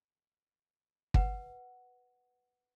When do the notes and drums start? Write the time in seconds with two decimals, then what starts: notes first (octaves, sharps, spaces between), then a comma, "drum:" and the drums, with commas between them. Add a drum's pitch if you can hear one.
1.14 B4 F#5, drum: kick